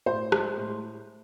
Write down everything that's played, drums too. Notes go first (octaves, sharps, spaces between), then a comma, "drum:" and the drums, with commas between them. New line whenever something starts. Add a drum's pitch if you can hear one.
A2 C5
G#3, drum: rim click
A2